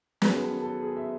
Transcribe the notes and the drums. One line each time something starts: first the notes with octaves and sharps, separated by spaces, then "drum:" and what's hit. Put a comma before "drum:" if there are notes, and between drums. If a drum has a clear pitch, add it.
F#2 D#3 F#3 B3 G#4, drum: snare
B4
A4
A4
G#4
E5